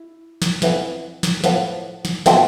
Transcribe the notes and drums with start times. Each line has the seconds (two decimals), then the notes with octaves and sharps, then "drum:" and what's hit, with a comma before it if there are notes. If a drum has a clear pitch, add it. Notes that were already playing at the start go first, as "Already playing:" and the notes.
Already playing: E4
0.42 drum: snare
0.62 F2 E3 B3, drum: snare
1.23 drum: snare
1.44 A2 F3 B3, drum: snare
2.05 drum: snare
2.26 B2 A3 C4 F4, drum: snare